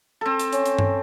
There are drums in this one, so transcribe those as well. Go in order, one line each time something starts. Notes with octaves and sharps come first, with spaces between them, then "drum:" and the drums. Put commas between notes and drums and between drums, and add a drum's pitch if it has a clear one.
C4 A4
drum: hi-hat
C#4, drum: hi-hat
drum: hi-hat
drum: tom G2